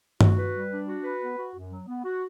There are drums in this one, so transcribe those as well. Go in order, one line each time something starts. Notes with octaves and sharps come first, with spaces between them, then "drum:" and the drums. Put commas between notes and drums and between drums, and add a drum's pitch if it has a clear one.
F#4, drum: tom G2
B4
G3
D4
F#4
B4
B3
F#4
F#2
F#3
B3
F#4